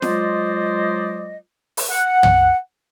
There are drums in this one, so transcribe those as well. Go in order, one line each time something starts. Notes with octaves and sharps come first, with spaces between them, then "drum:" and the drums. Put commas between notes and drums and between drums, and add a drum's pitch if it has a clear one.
F#3 G#3 F4 C5 D5 D#5, drum: snare
drum: open hi-hat
F#5
drum: tom